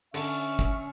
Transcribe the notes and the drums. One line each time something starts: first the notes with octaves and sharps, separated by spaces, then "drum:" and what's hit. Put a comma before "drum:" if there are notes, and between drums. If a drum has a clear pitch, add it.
D3 C#4 E5 C#6, drum: cymbal
drum: kick